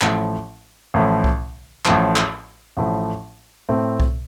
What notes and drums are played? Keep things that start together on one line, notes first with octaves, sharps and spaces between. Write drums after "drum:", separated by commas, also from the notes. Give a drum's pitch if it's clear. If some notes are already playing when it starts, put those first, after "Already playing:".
A1 A2 F3, drum: clap
A1 A2 F3
drum: kick C2
A1 A2 F3, drum: clap
drum: clap
A1 A2 F3
A2 A3 C4
drum: kick C2